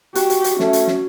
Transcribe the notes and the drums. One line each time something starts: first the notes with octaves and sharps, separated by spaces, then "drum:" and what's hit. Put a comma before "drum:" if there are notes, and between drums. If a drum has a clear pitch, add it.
F#4 G4, drum: hi-hat
drum: hi-hat
drum: hi-hat
A3 C#4, drum: snare
drum: hi-hat
drum: snare